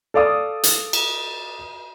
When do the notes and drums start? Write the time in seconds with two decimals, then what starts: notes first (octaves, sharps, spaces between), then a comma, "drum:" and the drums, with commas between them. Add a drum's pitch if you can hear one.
0.14 A4 D5 F5 D#6
0.63 drum: hi-hat
0.93 drum: cymbal